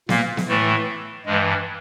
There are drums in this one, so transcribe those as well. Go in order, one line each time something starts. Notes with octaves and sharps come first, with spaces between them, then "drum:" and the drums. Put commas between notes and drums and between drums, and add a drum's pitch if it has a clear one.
A#2 A#3, drum: snare B3
drum: snare B3
A2 E3 A3
G2 E3 G#3